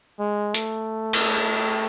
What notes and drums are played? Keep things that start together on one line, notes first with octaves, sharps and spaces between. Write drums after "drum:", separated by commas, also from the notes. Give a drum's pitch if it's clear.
G#3
A3, drum: hi-hat
drum: cymbal